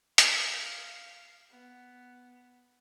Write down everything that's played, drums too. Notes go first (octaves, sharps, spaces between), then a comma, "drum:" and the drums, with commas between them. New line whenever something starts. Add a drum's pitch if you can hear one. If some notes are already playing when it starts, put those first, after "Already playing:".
F5, drum: hi-hat
B3